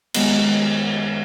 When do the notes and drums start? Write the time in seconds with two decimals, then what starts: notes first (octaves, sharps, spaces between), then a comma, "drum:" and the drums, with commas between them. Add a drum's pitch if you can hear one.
0.14 F#2 D#3 G#3 B3 G4, drum: cymbal